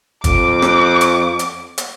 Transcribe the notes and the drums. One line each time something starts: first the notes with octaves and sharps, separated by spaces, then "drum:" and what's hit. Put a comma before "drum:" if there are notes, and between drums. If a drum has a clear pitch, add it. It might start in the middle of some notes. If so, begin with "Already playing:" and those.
F2 D6, drum: kick, hi-hat
drum: rim click
drum: hi-hat
drum: hi-hat
drum: hi-hat